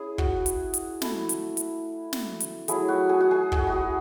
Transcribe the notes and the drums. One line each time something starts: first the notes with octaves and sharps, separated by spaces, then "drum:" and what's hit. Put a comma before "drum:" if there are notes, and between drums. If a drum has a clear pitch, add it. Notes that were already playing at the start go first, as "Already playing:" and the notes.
Already playing: C#4 E4 G#4
F#4, drum: kick
drum: hi-hat
drum: hi-hat
A3 E4, drum: snare
drum: hi-hat
drum: hi-hat
drum: snare
drum: hi-hat
F#3 A3 E4 G#4, drum: hi-hat
F#4
G#4
F#4
G#4
F#4, drum: kick
F#4
G#4